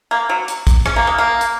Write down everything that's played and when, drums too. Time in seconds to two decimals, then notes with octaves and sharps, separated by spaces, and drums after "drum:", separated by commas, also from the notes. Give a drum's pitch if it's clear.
0.11 A#3
0.29 F#3
0.48 drum: hi-hat
0.67 drum: kick, hi-hat
0.86 C#4, drum: rim click
0.96 A#3
1.07 G#3
1.18 A#3
1.41 drum: hi-hat